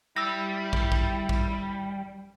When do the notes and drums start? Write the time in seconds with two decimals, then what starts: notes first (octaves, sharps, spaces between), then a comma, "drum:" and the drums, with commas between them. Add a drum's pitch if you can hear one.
0.16 G3 E4 E6 A#6
0.73 drum: kick
0.92 drum: kick
1.29 drum: kick